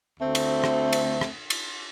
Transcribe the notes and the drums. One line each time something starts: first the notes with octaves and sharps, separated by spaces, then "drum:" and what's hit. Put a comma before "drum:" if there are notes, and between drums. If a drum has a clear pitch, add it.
D2 A3 C4
drum: cymbal
drum: rim click
drum: cymbal
drum: rim click
drum: cymbal